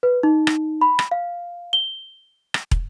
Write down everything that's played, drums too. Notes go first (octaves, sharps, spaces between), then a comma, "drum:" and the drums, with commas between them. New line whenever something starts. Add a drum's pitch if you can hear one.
B4
D#4
drum: rim click
B5
drum: rim click
F5
G7
drum: rim click
drum: kick